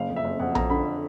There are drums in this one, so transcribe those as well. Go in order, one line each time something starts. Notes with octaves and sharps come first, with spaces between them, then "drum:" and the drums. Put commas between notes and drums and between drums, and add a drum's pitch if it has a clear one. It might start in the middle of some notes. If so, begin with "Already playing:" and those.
Already playing: F#1 F5
F2
E5
F#1
F2 F#5
F2 A#5, drum: tom A#1
D3 B5